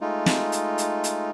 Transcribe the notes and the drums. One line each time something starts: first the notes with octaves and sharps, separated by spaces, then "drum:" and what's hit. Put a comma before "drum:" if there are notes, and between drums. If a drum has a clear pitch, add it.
G#3 A3 D#4 F4
drum: snare
drum: hi-hat
drum: hi-hat
drum: hi-hat